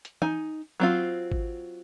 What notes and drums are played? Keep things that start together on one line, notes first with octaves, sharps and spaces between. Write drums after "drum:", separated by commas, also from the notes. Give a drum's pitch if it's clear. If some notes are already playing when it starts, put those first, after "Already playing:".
drum: hi-hat
D#4 G#5, drum: tom E3
F#3 C4 F4
drum: kick G#1